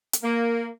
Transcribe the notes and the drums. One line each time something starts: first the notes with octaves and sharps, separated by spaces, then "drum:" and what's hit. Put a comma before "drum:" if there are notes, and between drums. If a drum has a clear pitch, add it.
drum: hi-hat
A#3